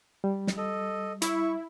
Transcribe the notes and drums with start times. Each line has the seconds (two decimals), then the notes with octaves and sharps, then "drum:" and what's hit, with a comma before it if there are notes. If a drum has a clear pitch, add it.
0.24 G3
0.47 drum: snare
0.57 A4 D#5
1.22 E4 E5 C#6, drum: hi-hat